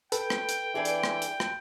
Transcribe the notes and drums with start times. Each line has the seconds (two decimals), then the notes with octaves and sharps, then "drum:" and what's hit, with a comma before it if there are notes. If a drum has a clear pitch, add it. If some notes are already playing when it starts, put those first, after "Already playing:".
0.12 A4 B4 G5, drum: hi-hat
0.30 drum: rim click
0.49 drum: hi-hat
0.75 E3 D4 E4 G#4
0.85 drum: hi-hat
1.04 drum: rim click
1.22 drum: hi-hat
1.40 drum: rim click